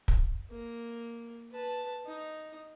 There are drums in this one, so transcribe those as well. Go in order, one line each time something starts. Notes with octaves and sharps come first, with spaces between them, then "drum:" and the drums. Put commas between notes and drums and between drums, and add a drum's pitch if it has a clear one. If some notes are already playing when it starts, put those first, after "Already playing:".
drum: kick
A#3
B4 A5
D#4